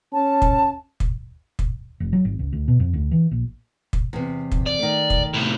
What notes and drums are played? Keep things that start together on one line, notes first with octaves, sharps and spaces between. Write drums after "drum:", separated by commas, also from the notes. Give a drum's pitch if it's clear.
C#4 A5
drum: kick
drum: kick
drum: kick
F1
F#3
G#1
C#2
D2
B2
F2
D2
E3
A#1
drum: kick
E2 C3
drum: kick
D5
D#3 A3
drum: kick
A2 C3